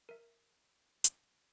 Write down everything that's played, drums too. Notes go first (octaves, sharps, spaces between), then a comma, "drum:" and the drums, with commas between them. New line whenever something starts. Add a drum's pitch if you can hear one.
A#4 E5
drum: hi-hat